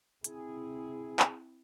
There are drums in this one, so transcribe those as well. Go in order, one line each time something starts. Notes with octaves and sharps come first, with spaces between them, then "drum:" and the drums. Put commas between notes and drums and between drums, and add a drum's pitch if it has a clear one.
C4 E4 G#4, drum: hi-hat
drum: clap